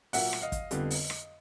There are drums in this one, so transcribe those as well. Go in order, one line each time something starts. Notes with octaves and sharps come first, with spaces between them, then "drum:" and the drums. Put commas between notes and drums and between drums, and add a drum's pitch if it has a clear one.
A#2 F#3 A#3 E5 F#5, drum: open hi-hat
drum: rim click
D#5 F5
drum: kick, hi-hat
F2 D3 G3 B3, drum: hi-hat
drum: open hi-hat
drum: rim click